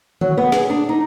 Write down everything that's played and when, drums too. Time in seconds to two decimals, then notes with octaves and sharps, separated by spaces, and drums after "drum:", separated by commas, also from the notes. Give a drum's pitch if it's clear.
0.21 F#3, drum: tom D3
0.37 B3
0.52 G#4, drum: snare
0.70 D4
0.89 D#4